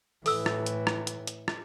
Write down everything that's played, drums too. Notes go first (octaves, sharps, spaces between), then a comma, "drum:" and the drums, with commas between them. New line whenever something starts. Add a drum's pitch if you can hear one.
A2 E3 A4 E6, drum: open hi-hat
drum: rim click
drum: hi-hat
drum: rim click
drum: hi-hat
drum: hi-hat
drum: rim click